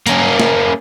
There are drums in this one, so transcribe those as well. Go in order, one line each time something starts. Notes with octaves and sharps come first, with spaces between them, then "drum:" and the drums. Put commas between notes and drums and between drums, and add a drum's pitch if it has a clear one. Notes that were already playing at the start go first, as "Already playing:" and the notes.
A#3 C#4, drum: hi-hat
drum: snare